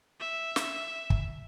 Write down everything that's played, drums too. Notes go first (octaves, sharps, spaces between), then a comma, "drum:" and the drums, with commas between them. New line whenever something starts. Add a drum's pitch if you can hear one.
E5
drum: snare
drum: kick